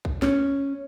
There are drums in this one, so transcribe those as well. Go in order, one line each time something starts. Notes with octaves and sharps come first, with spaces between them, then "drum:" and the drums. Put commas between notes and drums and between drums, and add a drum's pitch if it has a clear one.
drum: kick B1
C#4, drum: snare